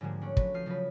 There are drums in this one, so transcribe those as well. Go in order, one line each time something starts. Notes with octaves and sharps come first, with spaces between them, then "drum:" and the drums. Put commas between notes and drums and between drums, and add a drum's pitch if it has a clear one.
G#2 D3 F3 G3 G#3 A#3
A3 C#4 D4
F#3 B4, drum: kick
F3 F6 G6 C7 D#7
C#3 F3 F4 F#4 B4